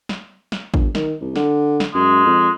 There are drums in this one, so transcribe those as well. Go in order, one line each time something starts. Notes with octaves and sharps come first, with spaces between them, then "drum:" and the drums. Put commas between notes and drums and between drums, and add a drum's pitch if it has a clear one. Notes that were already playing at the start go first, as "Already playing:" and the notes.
drum: snare
drum: snare
G1, drum: kick A1
D#3, drum: snare
C2
D3, drum: snare
drum: snare
F#2 G#3
F2